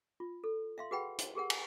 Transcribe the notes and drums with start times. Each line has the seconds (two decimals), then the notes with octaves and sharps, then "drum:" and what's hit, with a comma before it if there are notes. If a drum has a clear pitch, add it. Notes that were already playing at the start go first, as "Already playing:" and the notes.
0.20 F4
0.44 A4
0.78 E5 F5 C6
0.91 F#4 G#4 B4 F#5 G5 B5
1.19 drum: hi-hat
1.35 G4 G#4 A#4 F#5
1.50 G#5, drum: cymbal